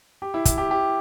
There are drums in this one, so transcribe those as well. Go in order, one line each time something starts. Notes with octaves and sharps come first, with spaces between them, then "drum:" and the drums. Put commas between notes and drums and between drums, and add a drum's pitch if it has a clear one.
G4
E4
E4, drum: kick, hi-hat
G4
G4